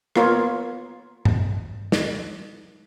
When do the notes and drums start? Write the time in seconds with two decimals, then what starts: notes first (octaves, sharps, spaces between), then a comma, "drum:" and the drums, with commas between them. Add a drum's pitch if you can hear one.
0.16 A#3 B3 F4 A#4 C#5, drum: rim click
1.25 drum: tom G2
1.92 drum: snare